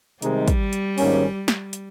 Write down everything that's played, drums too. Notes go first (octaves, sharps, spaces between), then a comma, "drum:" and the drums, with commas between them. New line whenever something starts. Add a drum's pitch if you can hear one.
C3 D#3 G3 G#3 D#4, drum: hi-hat
drum: kick, hi-hat
drum: hi-hat
G#1 G#2 D#3 A#3 C#4, drum: open hi-hat
drum: snare
drum: hi-hat